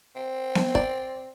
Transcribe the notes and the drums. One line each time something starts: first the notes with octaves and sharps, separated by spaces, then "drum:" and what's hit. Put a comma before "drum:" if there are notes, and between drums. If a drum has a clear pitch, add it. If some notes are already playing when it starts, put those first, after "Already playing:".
C4
drum: snare B3
D5, drum: kick